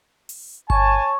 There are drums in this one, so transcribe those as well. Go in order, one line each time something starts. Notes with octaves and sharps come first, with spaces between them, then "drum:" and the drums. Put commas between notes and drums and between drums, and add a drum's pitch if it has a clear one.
drum: open hi-hat
C#5 G#5 A5 C#6, drum: kick G1